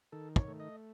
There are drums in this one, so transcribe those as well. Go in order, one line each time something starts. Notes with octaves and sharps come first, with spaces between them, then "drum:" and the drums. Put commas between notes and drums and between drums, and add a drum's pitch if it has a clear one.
D#3 A4
C#5, drum: kick
A3
D#5